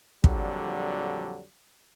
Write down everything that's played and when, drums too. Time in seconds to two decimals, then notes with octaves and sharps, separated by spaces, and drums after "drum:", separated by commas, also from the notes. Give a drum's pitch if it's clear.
0.24 A#1 F2 D3 F#3 G3, drum: kick